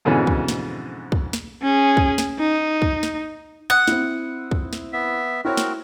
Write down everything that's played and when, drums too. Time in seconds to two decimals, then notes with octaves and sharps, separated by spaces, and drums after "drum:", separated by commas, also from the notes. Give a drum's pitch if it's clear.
0.05 F2 G#2 B2 D3 E3 C#4
0.27 drum: kick
0.48 drum: snare
1.12 drum: kick
1.33 drum: snare
1.63 C#4 G#4
1.97 drum: kick
2.18 drum: snare
2.39 D#4
2.82 drum: kick
3.03 drum: snare
3.70 F#5 D#6
3.87 C4 E4, drum: snare
4.51 drum: kick
4.73 drum: snare
4.93 B3 E5
5.45 C4 E4 F#4 A#4 C#5
5.57 drum: snare